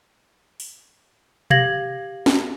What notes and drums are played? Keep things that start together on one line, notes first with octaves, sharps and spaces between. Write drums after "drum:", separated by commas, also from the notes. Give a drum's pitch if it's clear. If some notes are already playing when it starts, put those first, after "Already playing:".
drum: open hi-hat
G4 F5 G#6 A#6 F#7, drum: tom B2
drum: snare